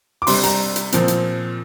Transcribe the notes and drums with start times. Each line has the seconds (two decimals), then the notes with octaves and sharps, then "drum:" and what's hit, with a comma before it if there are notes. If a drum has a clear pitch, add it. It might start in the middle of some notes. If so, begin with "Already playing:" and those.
0.22 D6
0.27 C3 G3 D4 C6, drum: open hi-hat
0.44 A#5, drum: hi-hat
0.76 drum: hi-hat
0.92 A#2 F3 C4, drum: hi-hat
1.08 drum: hi-hat